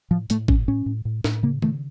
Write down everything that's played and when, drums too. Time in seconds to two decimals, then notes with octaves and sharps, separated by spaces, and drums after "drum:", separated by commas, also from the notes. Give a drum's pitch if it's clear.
0.11 A2 F3
0.30 A2 A3, drum: hi-hat
0.48 A2 C#4, drum: kick G#1
0.68 A2 C#4
0.86 A2
1.05 A2
1.24 A2, drum: snare
1.43 C#3 A#3
1.62 C#3 A3, drum: tom D#3